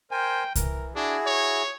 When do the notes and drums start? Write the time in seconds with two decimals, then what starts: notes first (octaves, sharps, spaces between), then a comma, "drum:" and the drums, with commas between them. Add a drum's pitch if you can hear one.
0.11 A#4 C5 G5 G#5
0.55 E3 A#4, drum: kick C2, hi-hat
0.95 D4 E4 F#4 G#4
1.26 C#5